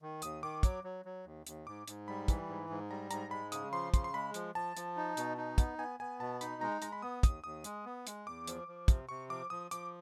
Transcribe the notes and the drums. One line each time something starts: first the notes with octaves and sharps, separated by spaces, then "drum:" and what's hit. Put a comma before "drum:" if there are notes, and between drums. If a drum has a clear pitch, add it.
D#3
D#2 D#6, drum: hi-hat
D#3 D6
F#3 D6, drum: kick, hi-hat
F#3
F#3
D#2
D#2, drum: hi-hat
G#2 D6
G#2, drum: hi-hat
G3 B5
E3, drum: kick, hi-hat
G#2
G#2
G3 A#5
G#2 A#5, drum: hi-hat
G#3 B5
C#3 D#6, drum: hi-hat
F3 C6
C#3 C6, drum: kick, hi-hat
C6
G#3 B5
F3, drum: hi-hat
F3 A5
F3, drum: hi-hat
D#4
B2, drum: hi-hat
D#4
B3, drum: kick, hi-hat
B3 G#5
B3 G#5
B2 A5
D#4 B5, drum: hi-hat
G#3 A#5
A#5
G#3 A#5, drum: hi-hat
B5
B3 D#6
D#2 D#6, drum: kick, hi-hat
D#2 D#6
G#3, drum: hi-hat
B3
G#3, drum: hi-hat
E2 D6
F3, drum: hi-hat
F3
C3, drum: kick, hi-hat
C3 C#6
F3 D6
F3 D#6
F3 D6, drum: hi-hat